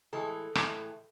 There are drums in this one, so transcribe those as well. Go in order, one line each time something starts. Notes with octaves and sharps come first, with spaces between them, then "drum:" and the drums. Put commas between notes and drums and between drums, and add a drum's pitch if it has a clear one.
A2 E3 G#3 A4
A2 E3 G#3, drum: rim click